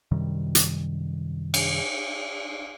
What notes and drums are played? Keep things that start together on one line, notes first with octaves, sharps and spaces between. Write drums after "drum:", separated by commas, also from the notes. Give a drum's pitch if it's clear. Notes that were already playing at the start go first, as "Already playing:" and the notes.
F#2 C3 D#3 G3
drum: hi-hat
drum: cymbal